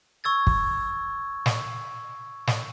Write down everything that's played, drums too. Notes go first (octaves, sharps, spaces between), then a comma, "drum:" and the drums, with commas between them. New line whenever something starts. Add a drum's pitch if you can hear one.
C#6 E6 G#6 A6
drum: kick
drum: snare
drum: snare